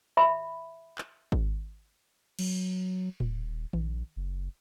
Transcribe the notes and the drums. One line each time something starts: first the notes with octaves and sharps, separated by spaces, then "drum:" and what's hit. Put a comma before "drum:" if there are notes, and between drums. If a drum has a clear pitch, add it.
E5 B5
drum: clap
drum: kick G#1
F#3, drum: cymbal
D#1, drum: tom A2
A#1, drum: tom D#3
F#1